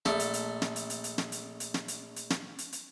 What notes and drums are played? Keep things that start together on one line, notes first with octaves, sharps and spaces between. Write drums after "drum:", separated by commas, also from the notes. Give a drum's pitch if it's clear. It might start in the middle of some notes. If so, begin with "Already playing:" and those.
A#1 A3, drum: snare
drum: hi-hat
drum: hi-hat
drum: snare
drum: hi-hat
drum: hi-hat
drum: hi-hat
drum: snare
drum: hi-hat
drum: hi-hat
drum: snare
drum: hi-hat
drum: hi-hat
drum: snare
drum: hi-hat
drum: hi-hat